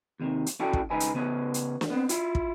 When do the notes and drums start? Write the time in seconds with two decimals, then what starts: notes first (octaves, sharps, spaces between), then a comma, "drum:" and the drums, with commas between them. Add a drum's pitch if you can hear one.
0.20 D#2 C3 D#3
0.46 drum: hi-hat
0.60 C#4 E4 F#4 A4 D5 G5
0.73 drum: kick
0.90 C#2 C#3 D#4 B4 G#5
1.00 drum: hi-hat
1.14 C#3 B3 B4 C#5
1.54 drum: hi-hat
1.81 drum: snare
1.90 B3 C4
2.09 E4 F4, drum: hi-hat
2.35 drum: kick